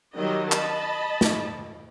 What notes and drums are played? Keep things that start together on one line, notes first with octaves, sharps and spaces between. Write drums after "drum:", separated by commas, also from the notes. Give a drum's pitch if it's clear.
D#3 F#3 G3 G4 D#5
D#5 A5 B5, drum: clap
drum: snare